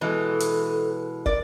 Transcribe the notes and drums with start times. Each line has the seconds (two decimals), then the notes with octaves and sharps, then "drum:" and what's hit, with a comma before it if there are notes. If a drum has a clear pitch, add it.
0.01 B2 E3 G#3 A4
0.40 drum: hi-hat
1.26 A#4 D5, drum: kick